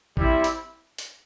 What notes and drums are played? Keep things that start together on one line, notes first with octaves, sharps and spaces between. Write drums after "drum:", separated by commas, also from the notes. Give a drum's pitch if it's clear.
G3 C4 E4, drum: kick A1
drum: hi-hat
drum: hi-hat